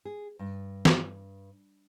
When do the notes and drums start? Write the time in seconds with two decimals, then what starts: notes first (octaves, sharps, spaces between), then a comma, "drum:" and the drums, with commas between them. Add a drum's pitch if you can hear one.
0.05 G#4
0.39 G2
0.85 drum: snare